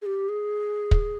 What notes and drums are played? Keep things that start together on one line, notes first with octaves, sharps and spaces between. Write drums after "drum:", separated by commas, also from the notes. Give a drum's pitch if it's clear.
G#4
G4
G#4
drum: kick